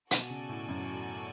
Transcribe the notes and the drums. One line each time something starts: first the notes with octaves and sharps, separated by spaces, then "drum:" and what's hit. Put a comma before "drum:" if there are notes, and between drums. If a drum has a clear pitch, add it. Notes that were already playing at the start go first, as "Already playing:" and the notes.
B2 F#4 A4 D5 G#5, drum: hi-hat
C#3
A2
F#2